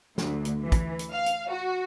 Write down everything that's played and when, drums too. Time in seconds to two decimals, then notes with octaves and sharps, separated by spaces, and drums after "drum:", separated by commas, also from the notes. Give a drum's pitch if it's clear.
0.18 D2, drum: snare
0.45 drum: hi-hat
0.63 E3
0.72 drum: kick, hi-hat
0.99 drum: hi-hat
1.13 F5
1.26 drum: hi-hat
1.50 F#4